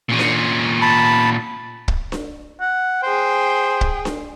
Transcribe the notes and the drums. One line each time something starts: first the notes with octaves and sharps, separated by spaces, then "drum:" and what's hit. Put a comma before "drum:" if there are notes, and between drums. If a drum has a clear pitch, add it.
A#2 C#4
drum: snare D4
A5 B5
drum: kick
drum: snare D4
F#5
G#4 C5 G5
drum: kick
drum: snare D4